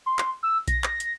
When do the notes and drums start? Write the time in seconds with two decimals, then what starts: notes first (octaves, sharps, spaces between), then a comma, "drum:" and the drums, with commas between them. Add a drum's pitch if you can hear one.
0.06 C6
0.19 drum: clap
0.43 E6
0.68 A#6, drum: kick B1, hi-hat
0.84 drum: clap
1.00 drum: hi-hat